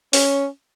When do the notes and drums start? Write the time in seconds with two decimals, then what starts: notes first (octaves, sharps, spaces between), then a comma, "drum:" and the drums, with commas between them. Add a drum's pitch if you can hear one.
0.13 C#4, drum: open hi-hat